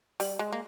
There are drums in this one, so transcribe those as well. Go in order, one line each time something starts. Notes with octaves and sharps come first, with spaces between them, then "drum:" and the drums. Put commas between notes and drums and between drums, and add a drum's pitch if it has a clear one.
G3, drum: open hi-hat
G#3
A#3